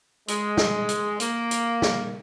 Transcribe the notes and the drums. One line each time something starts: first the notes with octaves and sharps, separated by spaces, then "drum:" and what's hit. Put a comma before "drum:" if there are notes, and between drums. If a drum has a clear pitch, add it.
G#3, drum: hi-hat
drum: snare
drum: hi-hat
A#3, drum: hi-hat
drum: hi-hat
drum: snare